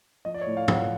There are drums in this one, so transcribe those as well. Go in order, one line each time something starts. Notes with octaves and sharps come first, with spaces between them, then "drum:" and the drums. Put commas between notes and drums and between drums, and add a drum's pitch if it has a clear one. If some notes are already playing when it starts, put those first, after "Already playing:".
F3 D#5
D5
C#5
A2
F5
F3, drum: tom
F#5